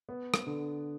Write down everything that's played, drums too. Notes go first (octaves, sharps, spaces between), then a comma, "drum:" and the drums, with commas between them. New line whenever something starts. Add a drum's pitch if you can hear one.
B3
drum: rim click
D3